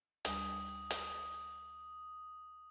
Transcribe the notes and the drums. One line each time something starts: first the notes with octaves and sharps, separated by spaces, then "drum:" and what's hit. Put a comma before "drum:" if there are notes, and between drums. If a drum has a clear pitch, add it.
D2 G3 G#5 D#6, drum: hi-hat
drum: hi-hat